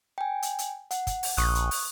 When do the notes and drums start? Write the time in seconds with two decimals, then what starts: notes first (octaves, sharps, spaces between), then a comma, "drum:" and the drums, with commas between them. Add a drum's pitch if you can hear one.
0.18 G5 G#5
0.42 drum: hi-hat
0.59 drum: hi-hat
0.91 F#5, drum: hi-hat
1.07 drum: kick, hi-hat
1.23 drum: open hi-hat
1.37 A#1 C#6 D#6 F#6, drum: hi-hat
1.55 drum: hi-hat
1.71 drum: open hi-hat